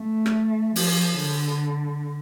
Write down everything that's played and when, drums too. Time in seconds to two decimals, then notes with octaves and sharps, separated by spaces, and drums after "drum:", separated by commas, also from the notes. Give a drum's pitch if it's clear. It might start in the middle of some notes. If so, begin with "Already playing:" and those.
Already playing: A3
0.26 drum: rim click
0.76 F3, drum: open hi-hat
1.17 D3